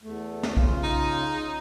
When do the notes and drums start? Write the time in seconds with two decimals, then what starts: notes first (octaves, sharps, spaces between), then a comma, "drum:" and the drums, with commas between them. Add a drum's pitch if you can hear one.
0.03 E2 A3
0.43 drum: snare
0.57 C#3 F4, drum: kick B1
0.83 D#4